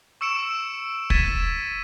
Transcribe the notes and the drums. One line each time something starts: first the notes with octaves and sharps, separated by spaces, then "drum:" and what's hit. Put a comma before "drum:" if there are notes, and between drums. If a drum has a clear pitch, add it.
C#6 E6 C#7 D7 E7
G#6 A6 B6 D#7 E7, drum: kick